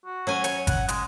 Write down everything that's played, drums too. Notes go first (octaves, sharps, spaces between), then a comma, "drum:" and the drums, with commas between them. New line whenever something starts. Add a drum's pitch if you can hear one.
F#4
F#3 C#4 G#5
C#5, drum: hi-hat
F#5, drum: kick G#1, hi-hat
G#3, drum: hi-hat